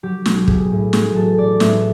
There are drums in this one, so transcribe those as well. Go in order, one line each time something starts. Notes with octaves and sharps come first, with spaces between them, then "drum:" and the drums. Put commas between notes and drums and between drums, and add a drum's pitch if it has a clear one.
F#3 G4
B1, drum: snare
B1 G#4, drum: kick
A2
F#3 G#4, drum: snare
A1 A4
A1 D5
A2 E5, drum: snare